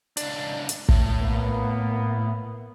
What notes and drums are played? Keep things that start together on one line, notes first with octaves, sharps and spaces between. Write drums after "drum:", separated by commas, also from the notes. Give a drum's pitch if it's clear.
C#2 D4, drum: hi-hat
drum: hi-hat
A2, drum: kick
A#3 B3